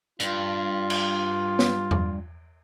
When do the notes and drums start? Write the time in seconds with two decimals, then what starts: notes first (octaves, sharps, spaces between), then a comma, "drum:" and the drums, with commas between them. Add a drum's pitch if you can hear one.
0.20 G2 F4, drum: hi-hat
0.90 drum: cymbal
1.59 drum: snare
1.91 drum: tom E2